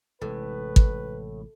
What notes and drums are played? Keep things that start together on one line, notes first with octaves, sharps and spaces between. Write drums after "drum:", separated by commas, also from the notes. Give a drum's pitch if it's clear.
A1 A2 C3 G#3 B4
drum: kick